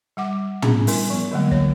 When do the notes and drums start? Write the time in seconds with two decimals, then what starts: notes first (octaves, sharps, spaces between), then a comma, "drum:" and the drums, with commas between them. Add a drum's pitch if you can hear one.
0.17 G3 F#5 D6
0.62 B3 C#4 D4 G#4, drum: tom
0.87 G3 E4 A#4 G#5 C6, drum: open hi-hat
1.10 F3 B3
1.31 D3 F#3 G#3 A#3
1.51 D3 C#5, drum: kick